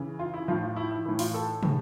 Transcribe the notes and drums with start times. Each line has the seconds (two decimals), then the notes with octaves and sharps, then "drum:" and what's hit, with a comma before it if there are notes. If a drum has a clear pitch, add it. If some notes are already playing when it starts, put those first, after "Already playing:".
Already playing: C#3 E3
0.19 F4
0.34 E4
0.48 A2 F3 F4
0.63 F4
0.76 E4
0.91 E4
1.05 A2 E3 E4
1.19 F4, drum: open hi-hat
1.34 A4
1.63 A2 E3, drum: tom